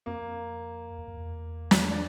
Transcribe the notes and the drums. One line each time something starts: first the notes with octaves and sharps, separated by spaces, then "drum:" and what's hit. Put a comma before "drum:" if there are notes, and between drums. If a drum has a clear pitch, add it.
F2 A#3
E2
F2
E2
drum: snare
D4